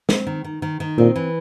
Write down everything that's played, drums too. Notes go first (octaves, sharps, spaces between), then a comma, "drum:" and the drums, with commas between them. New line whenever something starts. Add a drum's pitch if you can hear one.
C4, drum: snare
D#3
D#3
D#3
D#3
A#2 C4
E3